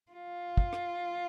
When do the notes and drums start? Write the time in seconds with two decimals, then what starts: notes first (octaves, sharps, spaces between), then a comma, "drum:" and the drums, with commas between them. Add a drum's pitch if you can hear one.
0.12 F4
0.57 drum: kick
0.73 drum: rim click